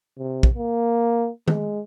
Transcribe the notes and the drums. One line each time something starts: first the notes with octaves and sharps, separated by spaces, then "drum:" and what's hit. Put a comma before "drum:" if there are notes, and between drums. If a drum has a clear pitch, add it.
C3
drum: kick
A#3
G#3, drum: tom D#3